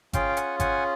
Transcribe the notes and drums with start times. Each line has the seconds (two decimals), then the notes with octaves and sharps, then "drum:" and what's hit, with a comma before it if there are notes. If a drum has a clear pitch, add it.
0.13 C#4 F4 G#4 F5 G5, drum: kick G#1, hi-hat
0.37 F#5 G#5, drum: hi-hat
0.60 F#5 G#5, drum: kick G#1, hi-hat